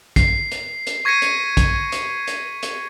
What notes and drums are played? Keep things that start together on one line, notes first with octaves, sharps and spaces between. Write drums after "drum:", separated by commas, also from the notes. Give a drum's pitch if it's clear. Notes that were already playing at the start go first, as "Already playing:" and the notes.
C7, drum: kick, hi-hat
drum: hi-hat
drum: hi-hat
C#6 G#6 A#6 B6 C#7 D#7
drum: hi-hat
drum: kick, hi-hat
drum: hi-hat
drum: hi-hat
drum: hi-hat